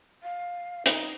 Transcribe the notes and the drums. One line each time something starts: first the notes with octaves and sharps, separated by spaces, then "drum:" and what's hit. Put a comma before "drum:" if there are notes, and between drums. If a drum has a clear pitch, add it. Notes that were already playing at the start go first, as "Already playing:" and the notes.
F5
D#4, drum: hi-hat